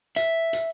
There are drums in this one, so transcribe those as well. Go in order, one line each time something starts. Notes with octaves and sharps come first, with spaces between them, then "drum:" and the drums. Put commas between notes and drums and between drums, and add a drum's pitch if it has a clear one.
E5, drum: hi-hat
drum: hi-hat